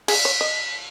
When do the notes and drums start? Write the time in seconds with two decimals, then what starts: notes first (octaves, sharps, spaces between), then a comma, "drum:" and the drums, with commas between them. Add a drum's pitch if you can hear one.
0.08 G#4 B6, drum: cymbal
0.25 C#5
0.41 D#5